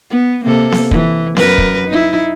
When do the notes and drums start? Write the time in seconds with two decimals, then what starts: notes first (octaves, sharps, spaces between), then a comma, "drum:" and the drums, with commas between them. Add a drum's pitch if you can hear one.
0.10 B3
0.43 C3 A#3 A4
0.72 drum: snare B3
0.91 E3, drum: kick
1.37 F#2 A#4 B4, drum: snare B3
1.58 drum: kick
1.87 D#4 E4